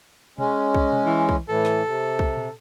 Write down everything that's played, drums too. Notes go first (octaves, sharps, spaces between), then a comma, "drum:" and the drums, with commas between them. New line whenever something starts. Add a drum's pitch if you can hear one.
G#3 C#4, drum: tom B2
drum: kick
drum: tom B2
E3
drum: kick
A2 E3 A4
drum: snare
C3
drum: kick
drum: tom